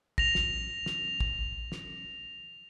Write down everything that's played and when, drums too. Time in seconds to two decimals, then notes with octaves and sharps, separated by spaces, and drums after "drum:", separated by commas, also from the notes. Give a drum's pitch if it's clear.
0.18 A#6 F7, drum: kick
0.35 drum: snare
0.86 drum: snare
1.20 drum: kick
1.72 drum: snare